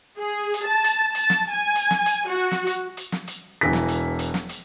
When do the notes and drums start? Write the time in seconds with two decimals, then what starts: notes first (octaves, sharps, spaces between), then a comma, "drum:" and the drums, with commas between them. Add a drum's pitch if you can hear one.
0.19 G#4
0.54 drum: hi-hat
0.64 A5
0.84 drum: hi-hat
1.14 A5, drum: hi-hat
1.30 drum: snare
1.51 G#5
1.75 drum: hi-hat
1.91 drum: snare
2.06 drum: hi-hat
2.29 F#4
2.51 drum: snare
2.67 drum: hi-hat
2.97 drum: hi-hat
3.12 drum: snare
3.27 drum: hi-hat
3.61 E1 E3 B6
3.73 drum: snare
3.88 drum: hi-hat
4.19 drum: hi-hat
4.34 drum: snare
4.49 drum: hi-hat